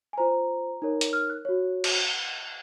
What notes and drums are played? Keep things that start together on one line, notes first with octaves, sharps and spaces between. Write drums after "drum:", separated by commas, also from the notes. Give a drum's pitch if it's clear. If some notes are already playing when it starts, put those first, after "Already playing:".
G#5
F4 C5 A#5
D#4 A#4 C#5
drum: hi-hat
F6
F#6
F#4 C#5
drum: cymbal